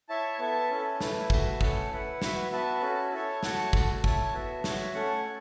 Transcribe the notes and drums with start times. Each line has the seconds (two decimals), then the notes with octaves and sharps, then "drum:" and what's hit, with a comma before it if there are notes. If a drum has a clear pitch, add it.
0.09 E4 C#5 E5 A5
0.39 B3 A4 E5 A5
0.70 C#4 E4 A4
1.01 A3 E4 B4, drum: snare
1.30 A3 F#4 B4 E5, drum: kick
1.61 A3 C#4 A4 F#5, drum: kick
1.91 E4 B4 F#5
2.22 F#4 B4 E5, drum: snare
2.52 B3 F#4 B4 E5 A5
2.82 C#4 F#4 A4
3.12 E4 A4 C#5
3.43 A3 F#4 C#5 F#5 A5, drum: snare
3.73 A3 F#4 A4, drum: kick
4.04 E4 A4 C#5 A5, drum: kick
4.33 B3 F#4 A4 E5
4.64 F#4 C#5 E5, drum: snare
4.94 A3 C#4 A4 C#5 F#5